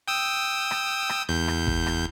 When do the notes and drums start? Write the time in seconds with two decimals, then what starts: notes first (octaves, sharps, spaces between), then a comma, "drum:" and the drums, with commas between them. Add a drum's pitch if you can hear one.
0.08 G5 D#6 E6
0.71 drum: rim click
1.09 drum: rim click
1.29 E2 G6
1.48 drum: rim click
1.67 drum: kick
1.87 drum: rim click